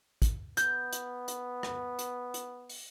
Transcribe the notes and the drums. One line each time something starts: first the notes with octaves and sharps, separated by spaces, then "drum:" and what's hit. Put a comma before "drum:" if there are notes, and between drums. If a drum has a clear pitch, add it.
drum: kick, hi-hat
B3 G6, drum: hi-hat
drum: hi-hat
drum: hi-hat
drum: rim click
drum: hi-hat
drum: hi-hat
drum: open hi-hat